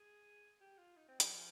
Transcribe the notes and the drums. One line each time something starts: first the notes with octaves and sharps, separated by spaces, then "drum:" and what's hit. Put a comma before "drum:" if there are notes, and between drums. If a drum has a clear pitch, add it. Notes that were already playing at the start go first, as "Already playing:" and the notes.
Already playing: G#4
G4
F4
D#4
C4
F3, drum: hi-hat
F3